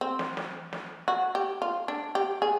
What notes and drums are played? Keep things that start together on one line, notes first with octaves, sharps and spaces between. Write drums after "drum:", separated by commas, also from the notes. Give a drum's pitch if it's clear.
C4
drum: snare
drum: snare
drum: snare
F#4
G4
F4
D4
G4
G#4